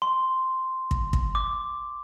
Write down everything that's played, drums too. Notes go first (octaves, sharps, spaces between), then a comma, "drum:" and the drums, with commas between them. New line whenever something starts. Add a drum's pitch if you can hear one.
C6
drum: kick
drum: kick
D6